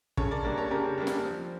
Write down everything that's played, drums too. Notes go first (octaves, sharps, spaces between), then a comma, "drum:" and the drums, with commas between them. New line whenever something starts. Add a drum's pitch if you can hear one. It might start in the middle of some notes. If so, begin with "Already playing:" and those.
C#3 A4 C#5, drum: kick
A#4 D5
G3 A#3 D4 A#4 D5
A4 C#5
C#3 G4 A#4
G3 A#3 D4
drum: snare
F3